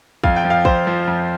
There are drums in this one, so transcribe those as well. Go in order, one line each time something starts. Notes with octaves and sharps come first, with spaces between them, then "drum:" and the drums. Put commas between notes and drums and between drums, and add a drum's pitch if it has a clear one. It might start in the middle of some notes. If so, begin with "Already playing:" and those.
F2 F5, drum: kick
G5
F3
F5
F2 C5, drum: kick
F3
F2